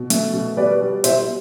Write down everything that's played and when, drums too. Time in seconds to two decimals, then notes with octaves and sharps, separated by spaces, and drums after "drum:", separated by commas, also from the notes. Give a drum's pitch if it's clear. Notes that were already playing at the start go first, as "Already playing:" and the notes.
Already playing: B2
0.10 A3, drum: hi-hat
0.33 B2
0.57 G3 B4 D5
0.81 G3
1.04 B2 C5 E5, drum: hi-hat